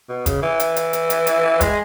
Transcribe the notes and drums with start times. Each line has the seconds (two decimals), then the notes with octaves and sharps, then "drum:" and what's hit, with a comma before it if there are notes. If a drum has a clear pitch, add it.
0.09 B2
0.26 C#3, drum: kick, hi-hat
0.42 E3
0.60 drum: hi-hat
0.76 drum: hi-hat
0.93 drum: hi-hat
1.10 drum: hi-hat
1.27 drum: hi-hat
1.61 G#3, drum: kick, hi-hat